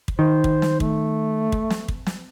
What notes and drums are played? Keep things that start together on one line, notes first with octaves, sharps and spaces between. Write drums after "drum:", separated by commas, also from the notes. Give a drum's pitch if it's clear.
drum: kick
D#3 C5
drum: kick
drum: snare
A3, drum: kick
drum: kick
drum: snare
drum: kick
drum: snare